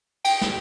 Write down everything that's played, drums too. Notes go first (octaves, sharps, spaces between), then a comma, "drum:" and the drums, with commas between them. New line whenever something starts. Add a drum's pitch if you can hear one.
G5, drum: cymbal
drum: snare